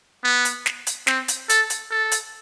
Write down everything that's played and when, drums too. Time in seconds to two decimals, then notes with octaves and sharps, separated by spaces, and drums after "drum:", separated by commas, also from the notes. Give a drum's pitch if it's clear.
0.24 B3
0.45 drum: hi-hat
0.66 drum: snare
0.87 drum: hi-hat
1.07 C4, drum: snare
1.28 drum: hi-hat
1.49 A4, drum: hi-hat
1.70 drum: hi-hat
1.91 A4
2.12 drum: hi-hat